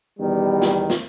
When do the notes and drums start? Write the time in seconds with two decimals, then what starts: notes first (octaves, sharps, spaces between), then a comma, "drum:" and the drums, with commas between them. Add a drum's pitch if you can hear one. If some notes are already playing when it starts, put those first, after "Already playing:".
0.20 E2 B2 D#3 G3
0.62 drum: snare
0.90 drum: snare